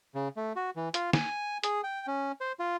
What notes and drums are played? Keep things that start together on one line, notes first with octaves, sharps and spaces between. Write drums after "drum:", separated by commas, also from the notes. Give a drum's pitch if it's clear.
C#3
A3
F#4
E3
F4, drum: hi-hat
G#5, drum: snare
G#4, drum: hi-hat
G5
C#4
C5
F4